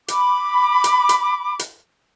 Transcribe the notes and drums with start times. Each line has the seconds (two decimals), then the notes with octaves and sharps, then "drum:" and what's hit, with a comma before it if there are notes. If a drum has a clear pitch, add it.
0.08 B5 D6, drum: hi-hat
0.84 drum: hi-hat
1.09 drum: hi-hat
1.59 drum: hi-hat